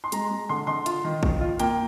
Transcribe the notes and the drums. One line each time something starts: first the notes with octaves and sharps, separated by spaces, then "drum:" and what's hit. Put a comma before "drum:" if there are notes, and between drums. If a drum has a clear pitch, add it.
C6
G#3 A#5, drum: hi-hat
G#3
D3 C6
D3 C6
F4, drum: hi-hat
D#3
D#3, drum: kick
F4
A#3 G5, drum: hi-hat